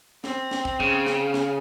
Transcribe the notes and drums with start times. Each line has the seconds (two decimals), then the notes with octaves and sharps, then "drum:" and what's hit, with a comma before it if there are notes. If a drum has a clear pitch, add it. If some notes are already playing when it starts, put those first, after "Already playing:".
0.24 C4, drum: snare
0.51 drum: snare
0.65 drum: kick
0.80 C#3, drum: kick
1.06 drum: snare
1.34 drum: snare